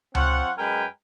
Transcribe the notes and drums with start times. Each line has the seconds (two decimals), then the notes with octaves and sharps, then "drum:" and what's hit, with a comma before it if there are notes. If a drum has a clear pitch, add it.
0.15 F3 C4 C#5 F#5, drum: tom C#2
0.58 F#2 G#3 A#4 B4 G5 G#5